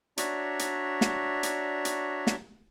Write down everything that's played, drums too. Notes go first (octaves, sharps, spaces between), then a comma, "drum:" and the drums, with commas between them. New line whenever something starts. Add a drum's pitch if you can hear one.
D4 F#4 C#5 D5 E5 A#5, drum: hi-hat
drum: hi-hat
drum: snare
drum: hi-hat
drum: hi-hat
drum: snare